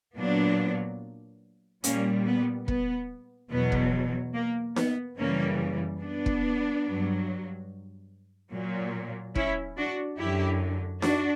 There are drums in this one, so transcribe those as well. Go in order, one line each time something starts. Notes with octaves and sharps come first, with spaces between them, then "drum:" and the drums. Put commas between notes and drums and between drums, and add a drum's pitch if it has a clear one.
A#2 F#3 B3 D4
A#2 G3 A#3 C#4, drum: hi-hat
B3
B3, drum: kick
E2 B2 F#3 B3
drum: kick
A#3
B3, drum: snare D#4
F#2 C#3 E3 G3 A#3 C#4
B3 D4
drum: kick
F#3
G2
A#2 F#3
C#4 E4, drum: kick
D4 F#4
F#2 D3 F#3 E4 G4
D4 F#4, drum: snare D#4